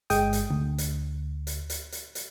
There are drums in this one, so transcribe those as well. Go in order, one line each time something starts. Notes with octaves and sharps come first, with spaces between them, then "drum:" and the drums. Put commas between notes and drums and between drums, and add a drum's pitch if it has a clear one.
G1 G#3 G5 D#6, drum: hi-hat
drum: hi-hat
D2
drum: hi-hat
drum: hi-hat
drum: hi-hat
drum: hi-hat
drum: hi-hat